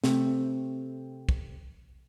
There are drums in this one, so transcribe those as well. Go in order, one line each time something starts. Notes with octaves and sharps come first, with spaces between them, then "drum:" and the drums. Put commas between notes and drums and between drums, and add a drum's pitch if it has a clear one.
C3 A3 C4, drum: snare
drum: kick